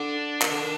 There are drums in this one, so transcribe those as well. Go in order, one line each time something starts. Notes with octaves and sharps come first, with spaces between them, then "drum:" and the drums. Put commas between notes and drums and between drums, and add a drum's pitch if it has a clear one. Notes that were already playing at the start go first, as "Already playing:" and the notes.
Already playing: D3 D4
D#3, drum: clap
D3
D#3